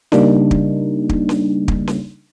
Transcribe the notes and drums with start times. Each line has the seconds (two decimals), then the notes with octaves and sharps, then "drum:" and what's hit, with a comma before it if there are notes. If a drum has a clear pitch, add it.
0.12 C#3 G3 A#3 D4 D#4, drum: snare C#4
0.51 drum: kick
1.09 drum: kick
1.29 drum: snare C#4
1.68 drum: kick
1.87 drum: snare C#4